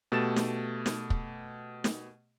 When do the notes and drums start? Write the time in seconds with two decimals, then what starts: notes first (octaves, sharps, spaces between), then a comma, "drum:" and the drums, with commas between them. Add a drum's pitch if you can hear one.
0.12 B2 A3 G4 A6 E7
0.36 drum: snare
0.86 drum: snare
1.10 drum: kick
1.84 drum: snare